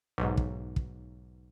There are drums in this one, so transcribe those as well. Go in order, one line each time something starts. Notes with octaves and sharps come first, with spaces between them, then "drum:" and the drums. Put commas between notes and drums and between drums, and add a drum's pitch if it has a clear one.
B1 G#2
drum: kick
drum: kick